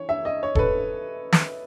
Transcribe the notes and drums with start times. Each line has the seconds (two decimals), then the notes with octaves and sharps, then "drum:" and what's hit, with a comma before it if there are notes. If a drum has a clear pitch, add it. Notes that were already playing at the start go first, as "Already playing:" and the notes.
Already playing: E3 C#5
0.09 E5
0.25 D#5
0.43 C#5
0.55 A4, drum: kick E1
0.59 B4
1.32 drum: snare